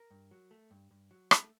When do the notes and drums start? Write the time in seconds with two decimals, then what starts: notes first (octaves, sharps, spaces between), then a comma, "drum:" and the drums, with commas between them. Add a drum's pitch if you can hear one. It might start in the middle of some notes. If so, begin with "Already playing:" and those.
Already playing: A#4
0.11 G2
0.31 F#3
0.51 A3
0.71 G2
0.91 G2
1.11 F#3
1.31 A3, drum: rim click